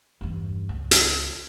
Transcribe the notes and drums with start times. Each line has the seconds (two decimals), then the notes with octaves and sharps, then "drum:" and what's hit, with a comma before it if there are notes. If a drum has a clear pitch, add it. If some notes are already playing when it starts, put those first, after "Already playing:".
0.21 E2 G2
0.69 C#2
0.91 drum: hi-hat